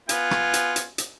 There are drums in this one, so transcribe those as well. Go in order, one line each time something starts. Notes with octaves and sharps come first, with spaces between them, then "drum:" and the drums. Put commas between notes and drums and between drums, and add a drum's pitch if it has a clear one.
B3 F4 G#5, drum: hi-hat
drum: rim click
drum: hi-hat
drum: hi-hat
drum: hi-hat